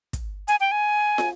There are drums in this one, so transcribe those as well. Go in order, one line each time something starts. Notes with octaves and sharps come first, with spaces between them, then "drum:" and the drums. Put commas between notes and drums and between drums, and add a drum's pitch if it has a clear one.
drum: kick, hi-hat
G#5, drum: hi-hat
G5
G#5
drum: snare